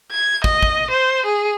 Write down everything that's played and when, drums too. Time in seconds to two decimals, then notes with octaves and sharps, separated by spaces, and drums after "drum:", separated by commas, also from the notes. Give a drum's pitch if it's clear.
0.12 G#6
0.44 D#5, drum: kick
0.63 drum: kick
0.91 C5
1.26 G#4